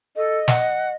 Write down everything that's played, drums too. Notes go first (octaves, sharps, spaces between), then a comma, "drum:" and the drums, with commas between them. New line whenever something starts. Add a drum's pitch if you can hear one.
A4 D#5
F#5, drum: snare